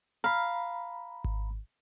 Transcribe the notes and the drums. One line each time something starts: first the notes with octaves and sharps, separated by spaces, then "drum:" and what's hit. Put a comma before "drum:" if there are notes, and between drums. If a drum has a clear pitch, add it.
F5 A#5 B5
drum: kick G#1